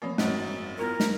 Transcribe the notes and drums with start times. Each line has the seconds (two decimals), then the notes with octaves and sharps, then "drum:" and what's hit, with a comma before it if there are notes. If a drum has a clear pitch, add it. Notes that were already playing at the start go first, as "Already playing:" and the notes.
0.02 E3 F3 A#3 C4 C#4
0.18 G#1 F#2 C5 D#5, drum: snare
0.78 B3 E4 F4 A#4
1.00 drum: snare